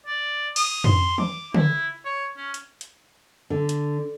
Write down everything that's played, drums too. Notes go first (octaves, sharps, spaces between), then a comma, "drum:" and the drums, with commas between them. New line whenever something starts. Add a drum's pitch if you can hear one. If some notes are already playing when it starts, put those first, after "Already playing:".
D5
D#6, drum: cymbal
C6, drum: tom
D6, drum: tom
E4, drum: tom
C#5
C#4
drum: hi-hat
drum: hi-hat
D3
drum: hi-hat